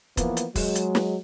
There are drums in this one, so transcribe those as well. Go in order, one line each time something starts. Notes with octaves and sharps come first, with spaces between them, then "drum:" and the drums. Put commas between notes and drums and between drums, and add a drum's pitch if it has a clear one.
E3 F3 A#3 B3, drum: kick, hi-hat
drum: hi-hat
F#3 G#3, drum: kick, open hi-hat
drum: hi-hat
drum: snare